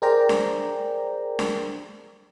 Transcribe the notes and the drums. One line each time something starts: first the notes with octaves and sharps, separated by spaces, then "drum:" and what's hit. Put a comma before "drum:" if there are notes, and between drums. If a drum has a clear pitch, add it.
G#4 A#4 C5 D5 G5 A#5
drum: snare D4
drum: snare D4